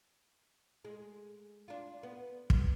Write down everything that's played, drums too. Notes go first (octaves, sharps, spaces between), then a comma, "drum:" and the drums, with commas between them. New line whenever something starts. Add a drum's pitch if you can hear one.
G#3
D4 F4
B3
drum: kick